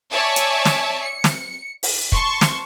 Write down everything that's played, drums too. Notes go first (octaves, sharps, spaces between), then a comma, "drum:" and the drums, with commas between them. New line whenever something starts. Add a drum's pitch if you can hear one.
C#5 D5 E5 G#5 A5
drum: hi-hat
drum: snare
C#7
drum: snare
drum: open hi-hat
A5 C6 C#6, drum: kick
drum: snare